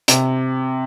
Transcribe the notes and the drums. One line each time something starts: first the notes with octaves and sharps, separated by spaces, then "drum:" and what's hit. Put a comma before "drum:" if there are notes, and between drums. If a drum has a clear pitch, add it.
C3, drum: hi-hat